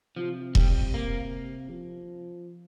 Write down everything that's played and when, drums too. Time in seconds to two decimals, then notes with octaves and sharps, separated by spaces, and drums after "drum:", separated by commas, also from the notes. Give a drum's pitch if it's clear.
0.16 C3 F3
0.55 G3, drum: kick E1
0.94 A#3
1.70 F3